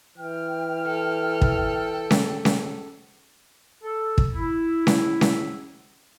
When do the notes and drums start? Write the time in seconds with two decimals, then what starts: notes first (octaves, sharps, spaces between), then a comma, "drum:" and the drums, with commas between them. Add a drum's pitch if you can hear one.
0.18 E3 G5 F6
0.86 A4
1.42 drum: kick
2.11 drum: snare C#4
2.45 drum: snare C#4
3.83 A4
4.18 drum: kick
4.35 E4
4.87 drum: snare C#4
5.21 drum: snare C#4